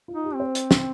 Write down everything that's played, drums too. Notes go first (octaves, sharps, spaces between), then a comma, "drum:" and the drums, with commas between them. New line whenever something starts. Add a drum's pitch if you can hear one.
F4
D#4
G4
C4
C5
drum: hi-hat
drum: snare